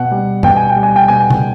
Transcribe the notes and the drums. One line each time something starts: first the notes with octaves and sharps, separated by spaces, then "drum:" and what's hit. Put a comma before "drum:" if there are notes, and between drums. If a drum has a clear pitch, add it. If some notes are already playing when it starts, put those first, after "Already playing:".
Already playing: B2 F#5
G3
B2 G5, drum: tom F#2
G#5
G5
G3
G#5
G5
B2 G#5
drum: tom